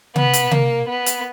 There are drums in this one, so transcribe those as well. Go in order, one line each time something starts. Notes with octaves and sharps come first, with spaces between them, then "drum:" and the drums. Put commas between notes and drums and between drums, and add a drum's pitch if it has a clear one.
B3, drum: tom C3
drum: hi-hat
A#3, drum: tom C3
B3
drum: hi-hat